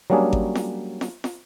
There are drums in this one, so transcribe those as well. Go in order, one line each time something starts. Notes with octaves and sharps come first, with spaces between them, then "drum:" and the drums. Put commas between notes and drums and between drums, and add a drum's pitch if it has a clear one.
F#3 G3 A#3 C#4 D4 G#4
drum: kick G#1
drum: snare
drum: snare
drum: snare